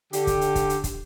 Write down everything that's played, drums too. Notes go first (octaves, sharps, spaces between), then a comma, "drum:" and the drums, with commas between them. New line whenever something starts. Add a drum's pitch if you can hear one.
D3 G4, drum: hi-hat
drum: kick, hi-hat
drum: hi-hat
drum: kick, hi-hat
drum: hi-hat
drum: kick, hi-hat